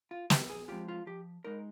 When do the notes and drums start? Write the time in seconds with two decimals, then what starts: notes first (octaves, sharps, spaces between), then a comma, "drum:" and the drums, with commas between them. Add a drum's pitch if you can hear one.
0.11 F4
0.30 A#2 G4, drum: snare
0.50 G#4
0.68 F3 G#3 C4 F4 G4
0.88 F4
1.06 F3 G4
1.45 G#3 D#4 A#4